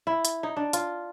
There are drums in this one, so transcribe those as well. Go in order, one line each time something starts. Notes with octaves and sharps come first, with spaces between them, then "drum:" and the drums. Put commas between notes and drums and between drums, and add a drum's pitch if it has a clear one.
E4
drum: hi-hat
D#4
D4
F4, drum: hi-hat